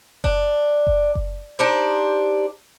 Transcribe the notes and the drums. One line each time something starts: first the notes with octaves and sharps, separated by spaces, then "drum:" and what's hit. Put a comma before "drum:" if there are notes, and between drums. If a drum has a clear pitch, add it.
D4, drum: kick F#1
drum: kick F#1
drum: kick F#1
D4 D#4 G4 C5